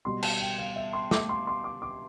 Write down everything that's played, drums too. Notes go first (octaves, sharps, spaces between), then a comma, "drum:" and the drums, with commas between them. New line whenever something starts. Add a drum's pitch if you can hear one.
B2 G3 C6
A5, drum: cymbal
G5
F5
E5
C6
D6, drum: snare
C6
C6
D6
D6